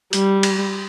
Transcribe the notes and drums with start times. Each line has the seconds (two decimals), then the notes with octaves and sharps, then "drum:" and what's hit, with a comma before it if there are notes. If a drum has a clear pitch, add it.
0.13 G3, drum: hi-hat
0.43 drum: cymbal